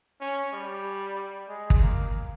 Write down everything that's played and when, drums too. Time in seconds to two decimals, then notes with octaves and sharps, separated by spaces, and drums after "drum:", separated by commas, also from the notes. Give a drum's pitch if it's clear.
0.21 C#4
0.53 G3
1.49 G#3
1.70 drum: kick
1.82 A#3